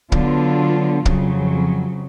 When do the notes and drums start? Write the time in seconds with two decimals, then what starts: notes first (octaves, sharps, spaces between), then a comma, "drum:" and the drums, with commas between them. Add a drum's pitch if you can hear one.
0.12 D3 F#3 B3 D4 F4, drum: kick
1.05 F2 C#3 F#3, drum: kick